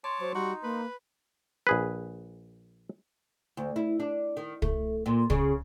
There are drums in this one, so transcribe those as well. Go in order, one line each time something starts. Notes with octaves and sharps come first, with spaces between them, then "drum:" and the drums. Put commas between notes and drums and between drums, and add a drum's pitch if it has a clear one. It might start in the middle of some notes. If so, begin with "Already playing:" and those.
C#5 A5 C6 D6
F#3 C5
G3 D#4 F#4
A#3 B4
A#1 G#4 B4
D2
E4
D4
D#3
A3, drum: kick
A#2
C#3, drum: kick